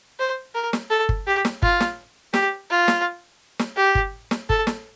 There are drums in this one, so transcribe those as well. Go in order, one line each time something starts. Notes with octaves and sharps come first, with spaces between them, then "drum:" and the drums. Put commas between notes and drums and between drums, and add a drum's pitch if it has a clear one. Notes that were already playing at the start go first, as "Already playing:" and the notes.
C5
A#4
drum: snare
A4
drum: kick G1
G4
drum: snare
F4, drum: kick G1
drum: snare
G4, drum: snare
F4
drum: snare
drum: snare
G4
drum: kick G1
drum: snare
A4, drum: kick G1
drum: snare